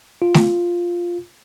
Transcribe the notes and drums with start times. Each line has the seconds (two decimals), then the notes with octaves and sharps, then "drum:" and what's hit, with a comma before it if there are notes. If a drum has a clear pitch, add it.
0.22 F4
0.34 drum: snare A3